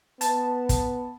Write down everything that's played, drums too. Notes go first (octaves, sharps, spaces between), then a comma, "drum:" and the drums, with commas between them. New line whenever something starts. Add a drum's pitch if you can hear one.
B3 A5, drum: hi-hat
drum: kick, hi-hat